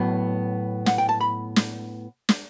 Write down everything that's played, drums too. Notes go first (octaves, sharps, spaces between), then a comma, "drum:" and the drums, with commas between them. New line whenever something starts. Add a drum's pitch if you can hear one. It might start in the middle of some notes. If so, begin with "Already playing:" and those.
Already playing: A2 F#3 B3
F#5, drum: snare
G5
A5
B5
drum: snare
drum: snare